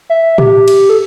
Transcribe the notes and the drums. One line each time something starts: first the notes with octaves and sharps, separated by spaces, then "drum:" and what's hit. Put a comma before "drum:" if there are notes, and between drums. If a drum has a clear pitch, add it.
E5
G4, drum: tom
drum: cymbal
A4